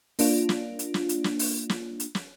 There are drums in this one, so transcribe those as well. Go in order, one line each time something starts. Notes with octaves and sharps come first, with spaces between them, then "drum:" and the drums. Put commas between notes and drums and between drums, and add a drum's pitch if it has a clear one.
A#3 D4 F4, drum: open hi-hat
drum: snare
drum: hi-hat
drum: snare
drum: hi-hat
drum: snare
drum: open hi-hat
drum: snare
drum: hi-hat
drum: snare